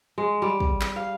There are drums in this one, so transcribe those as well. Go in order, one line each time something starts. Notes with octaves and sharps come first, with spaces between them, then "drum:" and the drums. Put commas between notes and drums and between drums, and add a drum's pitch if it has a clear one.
G#3
G3
drum: kick
drum: clap
F5